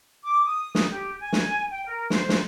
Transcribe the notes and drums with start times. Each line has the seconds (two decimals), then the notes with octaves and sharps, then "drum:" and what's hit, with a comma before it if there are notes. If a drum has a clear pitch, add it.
0.24 D6
0.44 D#6
0.75 D#6, drum: snare
0.92 G4
1.20 G#5
1.33 drum: snare
1.71 G5
1.86 A#4
2.10 C5, drum: snare
2.29 drum: snare